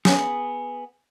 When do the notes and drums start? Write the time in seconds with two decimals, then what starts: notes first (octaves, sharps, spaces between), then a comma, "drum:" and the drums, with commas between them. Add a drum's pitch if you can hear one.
0.05 B3 G#4, drum: snare